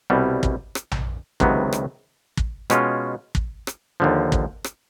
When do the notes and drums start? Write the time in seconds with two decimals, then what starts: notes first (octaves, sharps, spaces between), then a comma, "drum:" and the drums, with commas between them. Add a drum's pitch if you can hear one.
0.10 C2 B2 G3
0.43 drum: kick
0.75 drum: rim click
0.91 drum: tom A#1
1.40 C#2 C3 D#3 F#3 B3, drum: kick
1.73 drum: rim click
2.37 drum: kick
2.70 B2 G#3 C#4 F4, drum: rim click
3.35 drum: kick
3.67 drum: rim click
4.00 D#2 D3 F3
4.32 drum: kick
4.64 drum: rim click